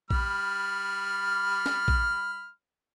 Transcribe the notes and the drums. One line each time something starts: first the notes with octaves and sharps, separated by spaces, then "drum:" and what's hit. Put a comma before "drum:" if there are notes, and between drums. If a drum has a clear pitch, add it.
G3 B5 F6, drum: kick A#1
drum: snare
drum: kick A#1